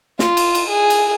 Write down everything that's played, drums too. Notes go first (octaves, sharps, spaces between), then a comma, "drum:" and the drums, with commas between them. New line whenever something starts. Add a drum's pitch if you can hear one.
F4, drum: snare
drum: cymbal
drum: cymbal
G#4
drum: cymbal